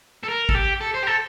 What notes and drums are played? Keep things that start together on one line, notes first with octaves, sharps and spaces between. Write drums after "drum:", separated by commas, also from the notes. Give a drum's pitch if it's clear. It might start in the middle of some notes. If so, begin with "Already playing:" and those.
A4
A#4
A4, drum: kick G#1
G4
A4
C5
G4
A4